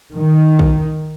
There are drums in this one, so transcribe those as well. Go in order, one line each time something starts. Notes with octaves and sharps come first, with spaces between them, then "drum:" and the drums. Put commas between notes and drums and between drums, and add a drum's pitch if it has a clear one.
D#3
drum: kick A#1